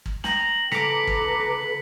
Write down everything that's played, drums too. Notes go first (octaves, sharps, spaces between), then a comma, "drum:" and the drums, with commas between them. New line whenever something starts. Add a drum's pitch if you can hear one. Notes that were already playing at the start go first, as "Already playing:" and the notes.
drum: kick
G5 A#5 F#7, drum: snare
C#3 A4 B4 A#5 D6 B6 C#7, drum: snare
drum: kick